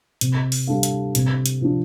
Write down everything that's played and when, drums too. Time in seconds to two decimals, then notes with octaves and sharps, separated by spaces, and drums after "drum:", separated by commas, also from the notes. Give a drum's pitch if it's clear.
0.21 C3, drum: hi-hat
0.52 drum: open hi-hat
0.67 G3 D4 A4 F5
0.83 drum: hi-hat
1.15 C3, drum: hi-hat
1.46 drum: hi-hat
1.61 F3 D4